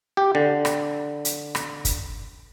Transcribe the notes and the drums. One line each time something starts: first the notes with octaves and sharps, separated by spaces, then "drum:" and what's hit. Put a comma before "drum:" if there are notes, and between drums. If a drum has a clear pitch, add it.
G4
D3
drum: rim click
drum: hi-hat
drum: rim click
drum: kick, hi-hat